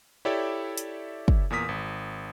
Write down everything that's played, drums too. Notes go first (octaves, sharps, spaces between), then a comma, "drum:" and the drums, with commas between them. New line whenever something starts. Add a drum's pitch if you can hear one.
E4 G4 A4 C#5 D5 E5
drum: hi-hat
drum: kick
E2 A#2 A#4 D#6 B6
G#1